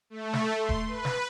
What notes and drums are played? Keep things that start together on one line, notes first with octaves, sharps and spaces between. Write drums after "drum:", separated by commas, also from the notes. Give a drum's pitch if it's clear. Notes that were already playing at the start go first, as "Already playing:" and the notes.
A3
drum: snare
C6
drum: kick D#1
B4
drum: snare